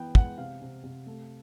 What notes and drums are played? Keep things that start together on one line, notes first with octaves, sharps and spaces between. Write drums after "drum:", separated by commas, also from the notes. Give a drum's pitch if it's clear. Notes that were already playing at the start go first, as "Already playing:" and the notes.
Already playing: E3 B3 G5
G#3 F#5, drum: kick
C3 F5
C3
C3
A3